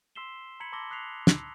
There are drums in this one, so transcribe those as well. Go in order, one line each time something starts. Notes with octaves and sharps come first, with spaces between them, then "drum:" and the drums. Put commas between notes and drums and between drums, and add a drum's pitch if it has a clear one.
C6 E6 B6 C7 E7 G7
A#5 B5 G#6 B6 C#7 F#7
A5 C6 D6 E6 A#6 G7
D#6 F#6 B6 C7 F7 F#7
E6, drum: snare